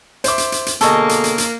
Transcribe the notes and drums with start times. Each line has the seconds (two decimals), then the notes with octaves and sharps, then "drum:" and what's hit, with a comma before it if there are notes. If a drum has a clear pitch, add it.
0.24 C5 E5 D6, drum: hi-hat
0.38 drum: hi-hat
0.52 drum: hi-hat
0.66 drum: hi-hat
0.81 B2 D3 A#3 G#4 A4 C#5 D#5, drum: hi-hat
1.09 drum: hi-hat
1.24 drum: hi-hat
1.38 drum: hi-hat